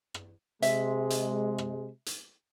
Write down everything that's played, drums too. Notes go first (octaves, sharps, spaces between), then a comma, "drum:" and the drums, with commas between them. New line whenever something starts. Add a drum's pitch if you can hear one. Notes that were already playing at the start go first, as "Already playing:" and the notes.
drum: rim click
C3 G#3 E5, drum: hi-hat
drum: hi-hat
drum: rim click
drum: hi-hat